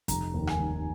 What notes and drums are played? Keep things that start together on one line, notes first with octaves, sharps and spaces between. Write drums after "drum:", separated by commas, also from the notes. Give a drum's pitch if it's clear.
F1 A#5, drum: kick, hi-hat
D#2
G#5, drum: rim click
F1